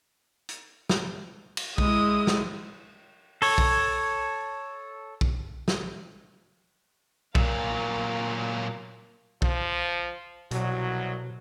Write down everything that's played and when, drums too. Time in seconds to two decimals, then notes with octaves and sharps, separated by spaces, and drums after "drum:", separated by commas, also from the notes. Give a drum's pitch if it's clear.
0.49 drum: hi-hat
0.89 drum: snare
1.57 drum: cymbal
1.78 G#3 E4 D#5 D#6, drum: kick A#1
2.27 drum: snare
3.42 A4 C#5, drum: open hi-hat
3.58 drum: kick A#1
5.21 drum: kick A#1
5.68 drum: snare
7.35 A#2 F#3 A#4 F5, drum: kick A#1
9.42 F3, drum: kick A#1
10.51 C2 B2 F#3, drum: hi-hat